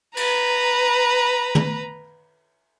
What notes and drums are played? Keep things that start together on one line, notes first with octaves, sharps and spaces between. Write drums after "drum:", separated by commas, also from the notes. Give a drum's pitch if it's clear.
B4 A#5, drum: cymbal
drum: tom